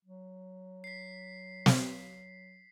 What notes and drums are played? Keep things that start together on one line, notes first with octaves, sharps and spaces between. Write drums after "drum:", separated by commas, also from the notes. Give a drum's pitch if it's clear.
F#3
B6 C7
drum: snare